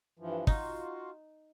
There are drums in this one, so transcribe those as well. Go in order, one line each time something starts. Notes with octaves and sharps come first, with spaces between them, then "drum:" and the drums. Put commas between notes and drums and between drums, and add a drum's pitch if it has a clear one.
G2 E3 F3
D#4 F4 F#4, drum: kick